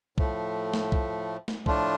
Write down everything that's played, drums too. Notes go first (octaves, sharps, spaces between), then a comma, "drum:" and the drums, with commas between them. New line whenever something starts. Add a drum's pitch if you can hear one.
A2 F3 A3, drum: kick B1
drum: snare A3
drum: kick B1
drum: snare A3
A2 F3 A3 D4 F4, drum: kick B1